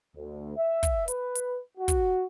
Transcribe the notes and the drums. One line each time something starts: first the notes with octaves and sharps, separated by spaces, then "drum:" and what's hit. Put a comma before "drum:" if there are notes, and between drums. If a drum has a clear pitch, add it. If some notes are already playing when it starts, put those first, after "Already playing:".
D2
E5
drum: kick, hi-hat
B4, drum: hi-hat
drum: hi-hat
F#4
drum: kick, hi-hat